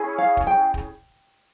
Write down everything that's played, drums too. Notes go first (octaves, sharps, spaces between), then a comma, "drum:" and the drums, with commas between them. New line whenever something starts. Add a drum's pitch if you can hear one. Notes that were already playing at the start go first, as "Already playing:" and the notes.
Already playing: C#4 E4 G#4
F5
drum: kick
G5
drum: kick